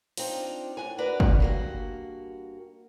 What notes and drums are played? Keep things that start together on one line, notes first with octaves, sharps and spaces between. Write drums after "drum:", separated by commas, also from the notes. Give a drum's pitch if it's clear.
C4 D4 D#4 F4, drum: open hi-hat
A2 G#5
D4 F#4 A#4 B4 D5
drum: kick
G2 A#3 F#4